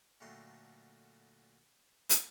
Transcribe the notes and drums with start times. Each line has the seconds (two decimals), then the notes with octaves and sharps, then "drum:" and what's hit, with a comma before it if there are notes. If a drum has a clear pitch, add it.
0.20 A#2 D3 F#3 A3 G5 C6
2.09 drum: hi-hat